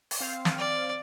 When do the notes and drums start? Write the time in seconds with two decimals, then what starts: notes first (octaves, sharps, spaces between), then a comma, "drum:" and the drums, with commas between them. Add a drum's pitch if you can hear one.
0.11 drum: open hi-hat
0.20 C4 F5
0.45 drum: snare
0.58 D5